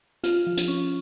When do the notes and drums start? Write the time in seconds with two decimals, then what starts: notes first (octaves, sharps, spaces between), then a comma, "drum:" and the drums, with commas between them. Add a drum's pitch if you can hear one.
0.23 F4, drum: hi-hat
0.47 F3
0.57 drum: hi-hat
0.68 C#4